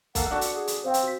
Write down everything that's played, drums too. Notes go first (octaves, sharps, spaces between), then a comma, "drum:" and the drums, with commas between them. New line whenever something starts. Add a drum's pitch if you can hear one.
A#3 A4 F5 F#5, drum: kick, hi-hat
D4 F#4 A4
drum: hi-hat
G#4
drum: hi-hat
C4 C5 F5 G5
drum: hi-hat
F#4 B6